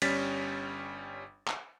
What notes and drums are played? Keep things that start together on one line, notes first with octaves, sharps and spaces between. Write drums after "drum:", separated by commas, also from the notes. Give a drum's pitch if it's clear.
G1 G3 C#4 A6 B6, drum: cymbal
drum: clap